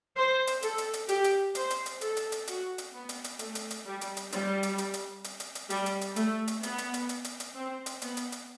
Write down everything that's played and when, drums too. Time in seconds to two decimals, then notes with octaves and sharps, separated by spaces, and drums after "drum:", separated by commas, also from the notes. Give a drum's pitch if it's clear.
0.17 C5
0.47 drum: hi-hat
0.62 A4, drum: hi-hat
0.78 drum: hi-hat
0.93 drum: hi-hat
1.09 G4, drum: hi-hat
1.24 drum: hi-hat
1.55 C5, drum: hi-hat
1.70 drum: hi-hat
1.86 drum: hi-hat
2.01 A4, drum: hi-hat
2.17 drum: hi-hat
2.32 drum: hi-hat
2.47 F#4, drum: hi-hat
2.78 drum: hi-hat
2.93 B3
3.09 drum: hi-hat
3.24 drum: hi-hat
3.39 A3, drum: hi-hat
3.55 drum: hi-hat
3.70 drum: hi-hat
3.86 G3
4.01 drum: hi-hat
4.17 drum: hi-hat
4.32 G3, drum: hi-hat
4.63 drum: hi-hat
4.78 drum: hi-hat
4.94 drum: hi-hat
5.24 drum: hi-hat
5.40 drum: hi-hat
5.55 drum: hi-hat
5.70 G3, drum: hi-hat
5.86 drum: hi-hat
6.01 drum: hi-hat
6.16 A3, drum: hi-hat
6.48 drum: hi-hat
6.63 B3, drum: hi-hat
6.78 drum: hi-hat
6.94 drum: hi-hat
7.09 drum: hi-hat
7.24 drum: hi-hat
7.40 drum: hi-hat
7.55 C4
7.86 drum: hi-hat
8.02 B3, drum: hi-hat
8.17 drum: hi-hat
8.32 drum: hi-hat